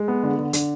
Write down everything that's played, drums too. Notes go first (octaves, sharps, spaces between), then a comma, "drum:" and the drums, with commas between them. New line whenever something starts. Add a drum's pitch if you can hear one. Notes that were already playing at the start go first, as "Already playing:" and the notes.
Already playing: G#3
B3
D3
D3
D3, drum: hi-hat